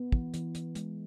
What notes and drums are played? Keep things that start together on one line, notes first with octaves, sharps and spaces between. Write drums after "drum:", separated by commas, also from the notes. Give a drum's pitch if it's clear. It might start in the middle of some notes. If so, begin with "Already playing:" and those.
Already playing: B3
E3, drum: kick
E3, drum: hi-hat
E3, drum: hi-hat
G#3, drum: hi-hat